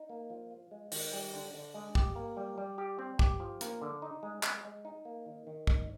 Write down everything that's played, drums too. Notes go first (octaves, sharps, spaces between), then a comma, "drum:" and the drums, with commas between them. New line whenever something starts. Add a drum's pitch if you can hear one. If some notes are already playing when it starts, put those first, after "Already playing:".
Already playing: D#4
A#3
F3
F4
G#3
D#3, drum: open hi-hat
G3
D3
D3
G#3
G4, drum: kick
A#3
G3
G3
G4
C4
G4, drum: kick
F3
A#3, drum: hi-hat
D3
D#4
G#3
G#3, drum: clap
G#3
D#4
A#3
D#3
D#3
D#4, drum: kick